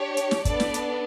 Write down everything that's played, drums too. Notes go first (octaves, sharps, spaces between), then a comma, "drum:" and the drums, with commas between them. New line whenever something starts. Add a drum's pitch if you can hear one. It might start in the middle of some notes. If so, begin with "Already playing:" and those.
Already playing: D4 G4 C#5
drum: hi-hat
drum: snare
B3 D4 A4 D5, drum: kick, hi-hat
drum: snare
drum: hi-hat